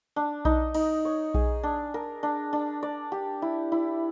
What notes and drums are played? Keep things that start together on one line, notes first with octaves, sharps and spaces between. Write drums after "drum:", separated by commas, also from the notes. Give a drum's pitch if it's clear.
D4
D#4, drum: kick B1
D#4, drum: cymbal
C#5
G#4, drum: kick B1
D4
A#4
D4
D4
D5
G4
E4
E4